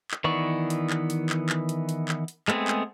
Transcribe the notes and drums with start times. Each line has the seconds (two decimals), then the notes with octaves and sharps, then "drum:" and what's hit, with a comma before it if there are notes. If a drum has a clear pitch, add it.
0.11 drum: clap
0.24 D#3 E3 B3 D5 C#6
0.70 drum: hi-hat
0.90 drum: clap
1.10 drum: hi-hat
1.30 drum: clap
1.49 drum: clap
1.69 drum: hi-hat
1.89 drum: hi-hat
2.08 drum: clap
2.28 drum: hi-hat
2.48 G#3 A3 B3 C4 G#4, drum: clap
2.68 drum: clap